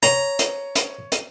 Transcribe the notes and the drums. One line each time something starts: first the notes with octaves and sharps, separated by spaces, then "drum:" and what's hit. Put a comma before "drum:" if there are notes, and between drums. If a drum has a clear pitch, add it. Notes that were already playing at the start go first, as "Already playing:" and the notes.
C#5 A#5, drum: hi-hat
drum: hi-hat
drum: hi-hat
drum: hi-hat